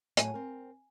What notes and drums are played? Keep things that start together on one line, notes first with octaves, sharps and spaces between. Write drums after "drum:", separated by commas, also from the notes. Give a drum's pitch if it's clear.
A2 F#3 G#5, drum: hi-hat
C4 A#4